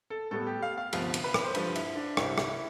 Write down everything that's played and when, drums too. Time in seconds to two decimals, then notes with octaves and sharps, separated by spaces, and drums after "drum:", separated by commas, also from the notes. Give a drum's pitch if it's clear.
0.10 A4
0.31 A2 G3 B3 A4
0.47 G4
0.62 F5
0.78 F5
0.93 D2 C3 F3 B3 F5, drum: cymbal
1.14 drum: cymbal
1.24 B4
1.34 drum: rim click
1.44 C5
1.55 G2 F3 C4 B4, drum: cymbal
1.76 E4, drum: cymbal
1.96 D4
2.17 C2 C3 G3 C4 E4, drum: rim click
2.38 drum: rim click
2.48 E4